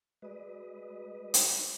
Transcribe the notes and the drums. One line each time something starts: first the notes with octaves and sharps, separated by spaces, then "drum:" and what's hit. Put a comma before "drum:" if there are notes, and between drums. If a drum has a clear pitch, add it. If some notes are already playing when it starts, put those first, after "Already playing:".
G#3 F#4 B4 D5 D#5
drum: hi-hat